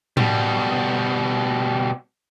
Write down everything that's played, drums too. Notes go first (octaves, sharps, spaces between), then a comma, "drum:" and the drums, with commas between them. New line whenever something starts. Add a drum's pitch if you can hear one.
B2 G3, drum: tom A2